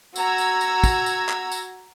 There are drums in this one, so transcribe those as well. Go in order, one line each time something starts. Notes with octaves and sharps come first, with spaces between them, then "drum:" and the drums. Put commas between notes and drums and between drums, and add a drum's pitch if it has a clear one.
F#4 A#5 E6 G#6, drum: tambourine
drum: tambourine
drum: tambourine
drum: kick, tambourine
drum: tambourine
drum: clap
drum: tambourine